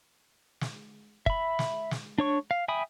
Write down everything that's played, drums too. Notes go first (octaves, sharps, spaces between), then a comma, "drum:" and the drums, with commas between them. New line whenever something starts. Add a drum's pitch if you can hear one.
drum: snare
E5 B5, drum: kick
drum: snare
drum: snare
D4 C#5 C#6
F5
E5 G5 G#5 B5 D#6